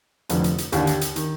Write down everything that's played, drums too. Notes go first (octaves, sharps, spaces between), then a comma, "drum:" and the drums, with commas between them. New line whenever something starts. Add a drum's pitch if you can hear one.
F1 F2 D3, drum: hi-hat
drum: hi-hat
drum: hi-hat
D#2 D3 G4, drum: hi-hat
drum: hi-hat
drum: hi-hat
D#3, drum: hi-hat